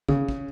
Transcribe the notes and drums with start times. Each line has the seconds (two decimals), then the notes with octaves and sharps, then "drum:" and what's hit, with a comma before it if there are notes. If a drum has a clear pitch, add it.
0.08 C#3, drum: kick
0.29 drum: kick